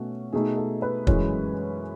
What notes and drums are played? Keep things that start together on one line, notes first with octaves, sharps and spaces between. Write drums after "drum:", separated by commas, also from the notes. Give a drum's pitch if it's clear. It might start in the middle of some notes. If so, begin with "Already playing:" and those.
Already playing: B2 A3 C#4 F#4
B2 A3 D#4 G#4
A4
B4
F#2 E3 G#3 C#4, drum: kick